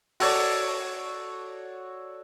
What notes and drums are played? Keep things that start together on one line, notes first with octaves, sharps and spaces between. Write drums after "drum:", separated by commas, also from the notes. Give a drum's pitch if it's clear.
F#4 A4 C#5 D5, drum: open hi-hat